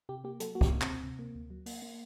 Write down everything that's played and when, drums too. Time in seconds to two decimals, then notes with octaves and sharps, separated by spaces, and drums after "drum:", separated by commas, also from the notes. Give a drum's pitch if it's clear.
0.09 C3 G4
0.24 A#3 G4
0.40 F#3 A4, drum: hi-hat
0.55 A#3 F#4
0.61 G4, drum: kick
0.71 C3
0.81 C4, drum: clap
0.87 D2
1.03 C3
1.19 A#3
1.35 D2
1.50 F#3
1.66 A#3, drum: open hi-hat
1.82 A#3